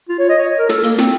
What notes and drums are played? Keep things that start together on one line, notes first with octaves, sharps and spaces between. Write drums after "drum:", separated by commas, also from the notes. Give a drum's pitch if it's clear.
F4
C#5
D#5
C#5
A#4
A4, drum: snare
A#3, drum: hi-hat
C4, drum: snare